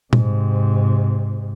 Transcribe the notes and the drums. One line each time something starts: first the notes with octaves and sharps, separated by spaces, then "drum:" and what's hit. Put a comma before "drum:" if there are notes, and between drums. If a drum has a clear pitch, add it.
G#2 C3, drum: tom A#2